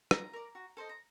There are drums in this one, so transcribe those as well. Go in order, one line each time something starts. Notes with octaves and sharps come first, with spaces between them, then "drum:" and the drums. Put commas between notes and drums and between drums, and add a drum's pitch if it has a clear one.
F4 A#5, drum: rim click
A#4 D5
F#4
A4 C5 D#5
A#5